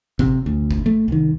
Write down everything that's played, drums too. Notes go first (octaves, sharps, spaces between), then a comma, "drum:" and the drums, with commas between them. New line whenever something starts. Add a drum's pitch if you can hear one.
C3, drum: kick G1
D2
drum: kick G1
A3
C2 D#3